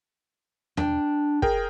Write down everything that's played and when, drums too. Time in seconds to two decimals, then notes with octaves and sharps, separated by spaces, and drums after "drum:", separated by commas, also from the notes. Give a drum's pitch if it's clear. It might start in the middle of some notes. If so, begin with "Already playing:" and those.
0.77 D4 G5, drum: tom E2
1.42 G#4 A#4 G5, drum: kick